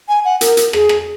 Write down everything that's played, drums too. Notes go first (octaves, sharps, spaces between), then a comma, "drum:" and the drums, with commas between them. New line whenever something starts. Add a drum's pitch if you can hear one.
G#5
F#5
A#4, drum: hi-hat
drum: hi-hat
G#4, drum: rim click
drum: rim click